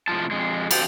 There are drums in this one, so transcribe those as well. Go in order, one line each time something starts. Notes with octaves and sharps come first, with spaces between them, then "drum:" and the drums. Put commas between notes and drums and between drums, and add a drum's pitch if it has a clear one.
A2 C3 F3 G#3 F4 A5
F2 G#3
F2 D3 A4 G5, drum: cymbal